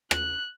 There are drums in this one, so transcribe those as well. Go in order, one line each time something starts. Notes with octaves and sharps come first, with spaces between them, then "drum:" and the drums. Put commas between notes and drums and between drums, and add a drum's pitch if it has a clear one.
F#6, drum: rim click